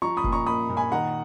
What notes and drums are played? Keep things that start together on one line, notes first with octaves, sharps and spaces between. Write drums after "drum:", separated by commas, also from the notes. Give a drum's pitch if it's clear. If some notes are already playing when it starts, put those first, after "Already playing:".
F3 A#5 C#6
B5 D#6
A#2, drum: kick
A#5 C#6
A#3 B5 D#6
A#2
G#5 B5
D#3 F#5 A#5